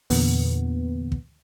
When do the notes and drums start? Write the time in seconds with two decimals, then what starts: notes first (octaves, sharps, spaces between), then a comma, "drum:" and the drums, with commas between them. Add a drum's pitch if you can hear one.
0.10 E2 A#2 D3 B3, drum: open hi-hat
1.12 drum: kick